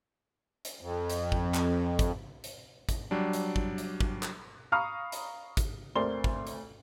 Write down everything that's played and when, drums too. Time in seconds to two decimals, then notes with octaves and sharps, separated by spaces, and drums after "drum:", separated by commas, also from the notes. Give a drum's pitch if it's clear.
0.65 drum: hi-hat
0.81 F2
1.10 drum: hi-hat
1.32 drum: kick
1.54 drum: clap
1.99 drum: kick, hi-hat
2.44 drum: hi-hat
2.89 drum: kick, hi-hat
3.11 F#3 G3 D4
3.33 drum: hi-hat
3.56 drum: kick
3.78 drum: hi-hat
4.00 drum: kick
4.23 drum: clap
4.72 F5 A#5 B5 C#6 D#6 F6
5.12 drum: hi-hat
5.57 drum: kick, hi-hat
5.95 D2 C4 A#4 D5 C6 G7
6.24 drum: kick
6.47 drum: hi-hat